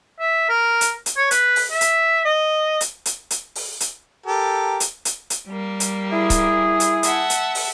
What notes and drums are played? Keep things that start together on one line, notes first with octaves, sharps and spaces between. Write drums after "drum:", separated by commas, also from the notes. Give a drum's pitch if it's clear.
E5
A#4
drum: hi-hat
drum: hi-hat
C#5
B4, drum: hi-hat
drum: open hi-hat
E5
drum: hi-hat
D#5
drum: hi-hat
drum: hi-hat
drum: hi-hat
drum: open hi-hat
drum: hi-hat
G4 A4 A#4
drum: hi-hat
drum: hi-hat
drum: hi-hat
G3 A#3
drum: hi-hat
E4 G#4
drum: kick C#1, hi-hat
drum: hi-hat
E5 F#5 A5, drum: hi-hat
drum: hi-hat
drum: open hi-hat